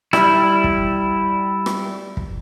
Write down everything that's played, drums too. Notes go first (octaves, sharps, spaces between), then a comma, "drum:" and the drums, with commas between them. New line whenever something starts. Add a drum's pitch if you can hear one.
G3 E4, drum: rim click
drum: kick
drum: rim click
drum: kick